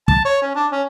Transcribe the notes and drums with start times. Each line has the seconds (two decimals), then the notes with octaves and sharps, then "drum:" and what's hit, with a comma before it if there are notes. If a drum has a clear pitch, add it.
0.08 A5, drum: kick
0.25 C#5
0.42 C#4
0.55 D4
0.72 C#4